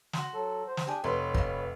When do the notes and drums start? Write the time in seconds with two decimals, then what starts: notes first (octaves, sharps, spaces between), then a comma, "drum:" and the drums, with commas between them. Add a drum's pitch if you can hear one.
0.13 F#4 C6, drum: snare
0.34 F#3 A4
0.68 C5
0.77 drum: snare
0.87 D4 G4 G#4 G5 G#5
1.04 F1 B4 C#5 C6
1.34 D#4 F4, drum: kick